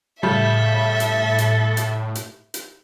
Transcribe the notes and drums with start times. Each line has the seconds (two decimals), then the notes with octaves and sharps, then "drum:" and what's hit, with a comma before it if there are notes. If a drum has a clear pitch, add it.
0.23 A2 C#3 G3 A3 A4 E5
1.00 drum: hi-hat
1.38 drum: hi-hat
1.77 drum: hi-hat
2.15 drum: hi-hat
2.54 drum: hi-hat